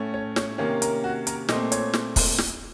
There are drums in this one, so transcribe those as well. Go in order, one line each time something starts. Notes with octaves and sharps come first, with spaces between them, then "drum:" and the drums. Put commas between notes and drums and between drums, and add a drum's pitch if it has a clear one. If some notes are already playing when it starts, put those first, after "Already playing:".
Already playing: A2 A3 C#4
C#5
C#5, drum: snare
C3 D#3 A#3 C#4
A#4, drum: hi-hat
F#4
A#4, drum: hi-hat
A#2 A3 C4 D#5, drum: snare
C#5, drum: hi-hat
drum: snare
drum: kick, open hi-hat
drum: snare